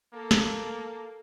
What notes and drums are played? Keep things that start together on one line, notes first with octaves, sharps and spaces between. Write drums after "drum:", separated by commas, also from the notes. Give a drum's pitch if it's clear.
A#3 A4
drum: snare